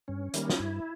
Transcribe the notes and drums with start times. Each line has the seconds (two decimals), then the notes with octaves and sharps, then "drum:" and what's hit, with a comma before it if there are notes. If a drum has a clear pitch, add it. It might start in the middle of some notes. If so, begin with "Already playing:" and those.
0.08 G2 C#4
0.34 D#3 G3 A#3, drum: hi-hat
0.50 F4, drum: snare
0.59 G2 E4